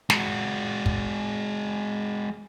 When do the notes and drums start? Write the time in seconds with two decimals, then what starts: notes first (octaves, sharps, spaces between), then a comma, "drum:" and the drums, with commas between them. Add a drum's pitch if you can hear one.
0.10 G#3 F#4, drum: snare
0.86 drum: kick